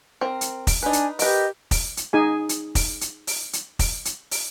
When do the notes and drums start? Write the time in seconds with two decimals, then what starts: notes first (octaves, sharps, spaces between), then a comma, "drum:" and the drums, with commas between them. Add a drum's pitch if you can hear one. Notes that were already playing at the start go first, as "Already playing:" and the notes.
0.21 C4 A#4
0.41 drum: hi-hat
0.67 drum: kick, open hi-hat
0.83 D4 D#4 B4 G#5
0.93 drum: hi-hat
1.19 G4 A#4 B4 D#5, drum: open hi-hat
1.71 drum: kick, open hi-hat
1.97 drum: hi-hat
2.13 D#4 G#4 G#5
2.49 drum: hi-hat
2.75 drum: kick, open hi-hat
3.01 drum: hi-hat
3.27 drum: open hi-hat
3.53 drum: hi-hat
3.79 drum: kick, open hi-hat
4.05 drum: hi-hat
4.31 drum: open hi-hat